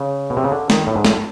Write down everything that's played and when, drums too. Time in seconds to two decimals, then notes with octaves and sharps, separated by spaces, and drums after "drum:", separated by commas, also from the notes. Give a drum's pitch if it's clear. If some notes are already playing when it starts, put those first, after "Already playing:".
Already playing: C#3
0.30 B2
0.37 C3
0.44 C#3
0.51 D3
0.70 D#3, drum: snare
0.87 A2
0.96 G#2
1.05 A2, drum: snare